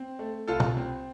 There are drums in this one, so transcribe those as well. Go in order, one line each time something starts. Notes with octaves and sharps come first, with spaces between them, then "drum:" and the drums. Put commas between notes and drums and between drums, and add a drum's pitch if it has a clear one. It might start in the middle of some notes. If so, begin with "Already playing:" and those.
Already playing: C4
A3
C2 F4 A4
drum: tom
C4